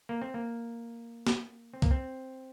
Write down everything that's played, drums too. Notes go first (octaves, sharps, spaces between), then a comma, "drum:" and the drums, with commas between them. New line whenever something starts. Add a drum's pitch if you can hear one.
A#3
C4
A#3
drum: snare
C4
A#3, drum: kick
C4